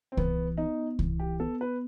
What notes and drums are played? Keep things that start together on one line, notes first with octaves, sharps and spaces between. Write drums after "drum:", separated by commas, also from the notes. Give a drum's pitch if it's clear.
C4
E3 B3, drum: kick C2
B3 D#4
E3, drum: kick C2
G4
B3 A4
B4